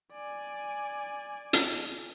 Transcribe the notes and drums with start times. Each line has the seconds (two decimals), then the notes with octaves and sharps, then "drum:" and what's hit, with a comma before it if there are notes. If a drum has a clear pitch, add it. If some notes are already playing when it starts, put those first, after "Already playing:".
0.12 D5 G#5
1.53 drum: hi-hat